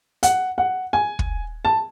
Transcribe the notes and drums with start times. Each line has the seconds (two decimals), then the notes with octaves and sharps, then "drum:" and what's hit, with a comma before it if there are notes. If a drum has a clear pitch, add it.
0.23 F#5, drum: hi-hat
0.58 F#5
0.93 G#5
1.19 drum: kick
1.65 A5